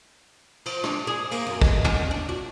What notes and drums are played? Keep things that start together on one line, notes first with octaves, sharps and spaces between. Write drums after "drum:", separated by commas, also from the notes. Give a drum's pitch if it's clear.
F3, drum: cymbal
D4, drum: rim click
G#4
A#3, drum: cymbal
F#2
G#3, drum: kick
C#4, drum: tom
D4
F#4